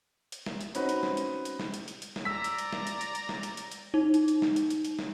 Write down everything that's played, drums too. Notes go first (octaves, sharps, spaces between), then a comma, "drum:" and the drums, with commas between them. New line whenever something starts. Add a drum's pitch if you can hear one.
drum: hi-hat
drum: snare
drum: hi-hat
C4 C#4 D#4 F#4 B4, drum: hi-hat
drum: hi-hat
drum: snare
drum: hi-hat
drum: hi-hat
drum: snare
drum: hi-hat
drum: hi-hat
drum: hi-hat
drum: snare
D5 A#5 E6 B6
drum: hi-hat
drum: hi-hat
drum: snare
drum: hi-hat
drum: hi-hat
drum: hi-hat
drum: snare
drum: hi-hat
drum: hi-hat
drum: hi-hat
D#4
drum: hi-hat
drum: hi-hat
drum: snare
drum: hi-hat
drum: hi-hat
drum: hi-hat
drum: snare